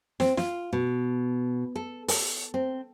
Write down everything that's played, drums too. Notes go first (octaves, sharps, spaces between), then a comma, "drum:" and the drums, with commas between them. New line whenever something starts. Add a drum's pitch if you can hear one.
C4, drum: snare
F4, drum: snare
B2
A4
A4, drum: open hi-hat
C4